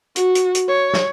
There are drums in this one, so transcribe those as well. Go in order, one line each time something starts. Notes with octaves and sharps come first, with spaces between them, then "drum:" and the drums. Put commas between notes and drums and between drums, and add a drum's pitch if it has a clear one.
F#4, drum: hi-hat
drum: hi-hat
drum: hi-hat
C#5
drum: snare